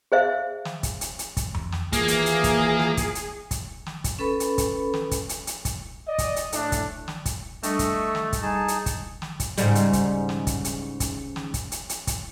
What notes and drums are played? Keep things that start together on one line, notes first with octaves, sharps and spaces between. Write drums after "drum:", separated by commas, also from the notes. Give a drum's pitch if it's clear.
G#4 C5 E5 F5
drum: snare
drum: kick, hi-hat
drum: hi-hat
drum: hi-hat
drum: kick, hi-hat
drum: tom F2
drum: snare
D#2 E3 A#3 F4 G#4, drum: kick, hi-hat
drum: hi-hat
drum: hi-hat
drum: kick, hi-hat
drum: snare
drum: kick, hi-hat
drum: hi-hat
drum: kick, hi-hat
drum: snare
drum: kick, hi-hat
C#4 A4 B4 B5
drum: hi-hat
drum: kick, hi-hat
drum: snare
drum: kick, hi-hat
drum: hi-hat
drum: hi-hat
drum: kick, hi-hat
D5 D#5
drum: kick, hi-hat
drum: hi-hat
A2 A3 D4, drum: hi-hat
drum: kick, hi-hat
drum: snare
drum: kick, hi-hat
G3 A3 D4 D#5 C#6, drum: hi-hat
drum: kick, hi-hat
drum: snare
drum: kick, hi-hat
G3 D#4 G#4 A5
drum: hi-hat
drum: kick, hi-hat
drum: snare
drum: kick, hi-hat
G#2 C#3 G3, drum: hi-hat
drum: hi-hat
drum: kick, hi-hat
drum: snare
drum: kick, hi-hat
drum: hi-hat
drum: kick, hi-hat
drum: snare
drum: kick, hi-hat
drum: hi-hat
drum: hi-hat
drum: kick, hi-hat